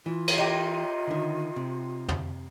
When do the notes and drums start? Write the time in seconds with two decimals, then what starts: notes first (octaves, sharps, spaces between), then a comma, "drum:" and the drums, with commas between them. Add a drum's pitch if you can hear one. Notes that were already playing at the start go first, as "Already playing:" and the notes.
0.06 E3 F4
0.28 drum: cymbal
0.38 D#4 G4
1.07 D3 D#3
1.56 C3
2.08 drum: tom